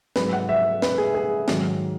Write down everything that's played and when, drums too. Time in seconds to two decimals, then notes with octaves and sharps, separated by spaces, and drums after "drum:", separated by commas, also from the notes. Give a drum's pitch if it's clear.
0.16 G#2 F#3 B4, drum: snare
0.33 F#5
0.49 E5
0.82 B4, drum: snare
0.98 G#4
1.14 G#4
1.48 G#2 D#3 F#3, drum: snare